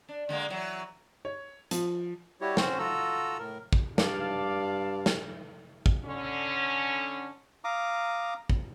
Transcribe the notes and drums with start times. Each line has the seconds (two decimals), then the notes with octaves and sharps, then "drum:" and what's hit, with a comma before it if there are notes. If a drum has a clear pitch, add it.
0.09 D4
0.29 D3 G#3 A#3
0.49 E3 F#3
1.25 C#5
1.71 F3, drum: hi-hat
2.41 G3 E4 F#4 G4 C#5
2.57 C4 C#4 F#4 C5, drum: snare
2.79 F4 F#4 A4 A#5 E6
3.39 A2 A#4
3.73 drum: kick
3.98 G2 D5 F5 A5, drum: snare
5.06 drum: snare
5.86 drum: kick
6.05 D3 C#4
7.64 F5 A#5 D6 D#6
8.50 drum: kick